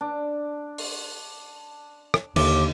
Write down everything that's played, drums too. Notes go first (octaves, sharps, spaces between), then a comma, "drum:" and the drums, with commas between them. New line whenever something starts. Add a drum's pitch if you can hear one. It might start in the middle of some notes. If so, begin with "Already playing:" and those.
D4
drum: open hi-hat
drum: rim click
D#2 D3 D#3 D6, drum: cymbal